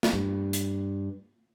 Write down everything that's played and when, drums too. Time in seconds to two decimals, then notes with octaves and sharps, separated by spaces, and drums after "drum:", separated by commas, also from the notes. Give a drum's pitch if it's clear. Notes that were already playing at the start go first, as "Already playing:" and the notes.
0.03 drum: snare
0.13 G2
0.53 drum: hi-hat